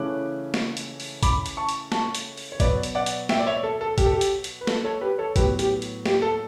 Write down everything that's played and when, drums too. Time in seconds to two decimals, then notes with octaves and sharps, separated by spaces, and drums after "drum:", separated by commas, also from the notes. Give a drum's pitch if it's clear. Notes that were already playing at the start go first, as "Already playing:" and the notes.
Already playing: C#3 E3 A3 C#4 E4 D6 F#6
0.54 drum: snare
0.77 drum: hi-hat
1.00 drum: open hi-hat
1.23 B5 D6, drum: kick, hi-hat
1.46 drum: hi-hat
1.57 A5 C#6
1.69 drum: hi-hat
1.92 A5 C#6, drum: snare
2.15 drum: hi-hat
2.38 drum: open hi-hat
2.52 C#5
2.60 B2 F#3 B3 B4 D5, drum: kick, hi-hat
2.83 drum: hi-hat
2.95 D5 F#5
3.06 drum: hi-hat
3.29 E5 G5, drum: snare
3.39 D5
3.47 C#5 E5
3.63 A4
3.81 A4
3.98 G4, drum: kick, hi-hat
4.06 A4
4.12 G4
4.21 drum: hi-hat
4.44 drum: hi-hat
4.61 B4
4.67 A4, drum: snare
4.84 A4 C#5
5.01 G4 B4
5.18 A4 C#5
5.36 A2 F#3 B3 G4 B4, drum: kick, hi-hat
5.59 G4, drum: hi-hat
5.82 drum: hi-hat
6.06 G4, drum: snare
6.22 A4